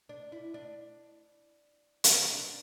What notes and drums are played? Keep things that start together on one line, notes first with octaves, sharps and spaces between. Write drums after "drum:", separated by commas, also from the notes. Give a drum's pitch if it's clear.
D4
E4
D4
drum: hi-hat
D4